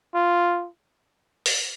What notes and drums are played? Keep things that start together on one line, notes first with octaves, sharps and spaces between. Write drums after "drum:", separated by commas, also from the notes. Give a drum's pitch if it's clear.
F4
drum: open hi-hat